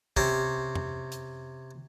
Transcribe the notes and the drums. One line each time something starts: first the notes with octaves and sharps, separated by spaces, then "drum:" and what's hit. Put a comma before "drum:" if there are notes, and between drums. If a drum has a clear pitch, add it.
C3 C#4, drum: kick
drum: tom F2
drum: hi-hat